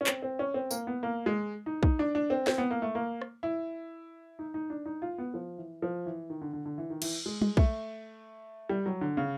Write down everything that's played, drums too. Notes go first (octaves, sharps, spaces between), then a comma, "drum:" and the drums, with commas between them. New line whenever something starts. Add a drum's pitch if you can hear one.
C#4
C4, drum: clap
C4
C#4
C4
A#3, drum: tambourine
B3
A#3
G#3
D#4
D#4, drum: kick
D4
D4
C4
C4, drum: snare
B3
A#3
A3
A#3
drum: rim click
E4
D#4
D#4
D4
D#4
F4
B3
F3
E3
F3
E3
D#3
D3
D3
D3
E3
D#3
E3, drum: cymbal
G#3
G#3, drum: tom
A3, drum: kick
G3
F#3
D3
C#3